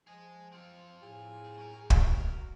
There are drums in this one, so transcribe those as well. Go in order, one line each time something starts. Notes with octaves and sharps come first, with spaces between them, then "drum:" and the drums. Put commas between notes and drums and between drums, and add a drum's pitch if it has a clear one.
F3 G#4 D#5
C4 F4
A2 G#4
F#3 A#4
drum: kick
D2
F#4